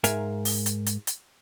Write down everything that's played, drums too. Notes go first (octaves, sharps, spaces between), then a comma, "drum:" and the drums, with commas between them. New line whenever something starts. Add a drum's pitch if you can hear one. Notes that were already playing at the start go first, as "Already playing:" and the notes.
G#2 A#4 E5 F5 G#5, drum: hi-hat
drum: open hi-hat
drum: hi-hat
drum: hi-hat
drum: hi-hat